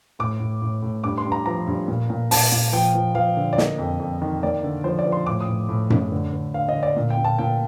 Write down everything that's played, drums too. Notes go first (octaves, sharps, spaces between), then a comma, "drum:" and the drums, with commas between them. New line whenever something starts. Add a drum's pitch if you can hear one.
A2 D6
A2
A2
A2
G2 D6
C6
G2
A#5
F3 A#5
G2
A#2
A#2
A#2 A5, drum: open hi-hat
A#2
F3 G5
F3
F3 F5
D3
D5
A#3 D#5, drum: snare
F2
F2
D#3
A#3 D5
D3
F3 C5
D5
F3
C6
A2 D6
D#6
A2
A2
A2, drum: tom F#2
D3
D3
D3 F5
D#5
D3
D5
A#2
G5
A#2
A5
A#2 G5